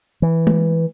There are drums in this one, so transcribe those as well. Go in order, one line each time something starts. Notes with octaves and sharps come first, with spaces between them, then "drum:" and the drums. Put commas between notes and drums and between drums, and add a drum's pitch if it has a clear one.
E3
drum: tom G#3